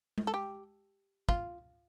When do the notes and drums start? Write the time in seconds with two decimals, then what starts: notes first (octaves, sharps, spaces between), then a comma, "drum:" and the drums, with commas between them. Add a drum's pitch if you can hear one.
0.18 drum: tom G#3
0.27 A4
0.34 G4
1.29 F4, drum: kick